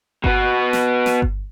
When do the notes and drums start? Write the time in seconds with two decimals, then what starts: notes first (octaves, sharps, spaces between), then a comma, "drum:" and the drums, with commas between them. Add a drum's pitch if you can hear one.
0.24 B2 B3, drum: kick G1
0.73 drum: snare
1.06 drum: snare
1.22 drum: kick G1